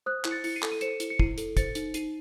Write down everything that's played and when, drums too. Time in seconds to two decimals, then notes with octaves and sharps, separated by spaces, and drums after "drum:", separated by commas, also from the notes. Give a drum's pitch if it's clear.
0.06 C5 D#6 F#6
0.25 E4, drum: clap
0.31 A6 C#7
0.44 E4 C#7, drum: open hi-hat
0.56 C7 D#7
0.62 A4, drum: clap
0.71 D#7
0.81 C5 C#7 E7, drum: hi-hat
1.00 E4, drum: hi-hat
1.10 C#7
1.19 E4 C7 D#7, drum: kick
1.38 A4, drum: hi-hat
1.57 C5 A6 C#7, drum: kick, hi-hat
1.75 D#4, drum: hi-hat
1.94 D#4 C7 D#7, drum: hi-hat